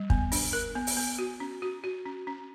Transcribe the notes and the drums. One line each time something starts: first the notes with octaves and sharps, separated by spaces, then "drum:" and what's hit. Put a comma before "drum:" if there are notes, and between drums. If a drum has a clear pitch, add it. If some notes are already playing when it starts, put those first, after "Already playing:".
Already playing: G3
B3, drum: kick
D4, drum: open hi-hat
A#4
B3
drum: open hi-hat
B3
F#4
C#4
F#4
F#4
C#4
C#4